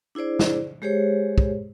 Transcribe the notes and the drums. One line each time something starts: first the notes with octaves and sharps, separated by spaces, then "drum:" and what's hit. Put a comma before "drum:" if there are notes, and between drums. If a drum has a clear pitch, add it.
D4 E4 G#4 C5 D5
drum: snare
G#3 G4 G#4 C5 C#5
drum: kick